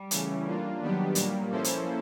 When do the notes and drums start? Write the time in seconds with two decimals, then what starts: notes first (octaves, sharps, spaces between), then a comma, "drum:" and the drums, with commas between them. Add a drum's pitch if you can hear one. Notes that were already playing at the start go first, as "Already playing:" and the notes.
Already playing: G3
0.11 C#3 E3 A3 C#4, drum: hi-hat
0.46 A#3 D4 F4
0.81 D#3 F#3 G3 B3 D4 G4
1.15 A#2 G3 A#3, drum: hi-hat
1.50 F3 A#3 C#4 E4 A4 C5
1.64 drum: hi-hat